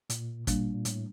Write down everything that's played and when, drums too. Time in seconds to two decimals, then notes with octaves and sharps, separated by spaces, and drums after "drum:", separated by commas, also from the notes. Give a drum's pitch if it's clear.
0.10 A#2, drum: hi-hat
0.47 A#2 G3 A#3 D4, drum: kick, hi-hat
0.74 A#2
0.85 A2, drum: hi-hat